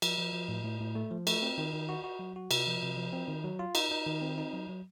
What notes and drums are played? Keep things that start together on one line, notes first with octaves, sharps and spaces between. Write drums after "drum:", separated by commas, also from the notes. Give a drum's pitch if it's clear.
F3, drum: cymbal
F3
F3
A2
A2
A2
A3
F3
A3, drum: cymbal
C4
D#3
D#3
F#4
F#4
F#3
F#4
C3, drum: cymbal
F3
C3
F3
C4
D#3
F#3
F4
D#4, drum: cymbal
D#4
D#3
C4
D#4
F#3
F#3